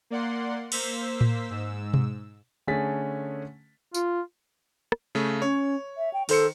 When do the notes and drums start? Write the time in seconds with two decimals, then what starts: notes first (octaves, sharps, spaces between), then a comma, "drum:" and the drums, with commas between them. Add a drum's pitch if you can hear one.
0.10 A#3 D5 F#5 C6
0.72 A#3 C5 E6 B6, drum: cymbal
1.21 drum: tom A2
1.47 G#2 E6
1.94 drum: tom B2
2.67 D3 A3 C#4 G#4 A6 B6
3.94 F4, drum: tambourine
4.92 drum: rim click
5.15 C#3 A3
5.42 C#4 C#5
5.97 E5
6.13 G5
6.29 D#3 A4 C5 C#7, drum: open hi-hat